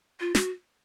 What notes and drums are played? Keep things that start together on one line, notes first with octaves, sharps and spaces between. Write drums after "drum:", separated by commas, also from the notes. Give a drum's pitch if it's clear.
F4
F#4, drum: snare